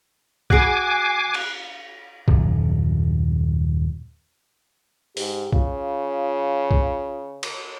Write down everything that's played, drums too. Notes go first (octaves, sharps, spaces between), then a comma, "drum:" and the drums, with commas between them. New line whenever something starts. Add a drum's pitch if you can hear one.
F#4 G#4 G#5 D6 F#6 C7 D7, drum: kick B1
drum: cymbal
D#1 F#2, drum: kick B1
G#2 G4, drum: open hi-hat
C#3 F4, drum: kick B1
drum: kick B1
drum: cymbal